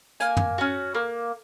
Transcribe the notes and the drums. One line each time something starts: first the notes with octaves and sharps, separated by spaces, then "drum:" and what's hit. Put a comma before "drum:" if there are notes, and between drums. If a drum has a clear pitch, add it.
A#3 G#5, drum: hi-hat
drum: tom
C#4 F#4
A#3